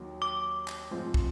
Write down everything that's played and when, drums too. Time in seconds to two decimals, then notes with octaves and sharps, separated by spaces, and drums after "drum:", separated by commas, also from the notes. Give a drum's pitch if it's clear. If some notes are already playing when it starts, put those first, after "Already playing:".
Already playing: D#2 D#3 F#3
0.22 D6
0.68 drum: clap
0.91 G#2 F3 G#3 C4
1.14 drum: kick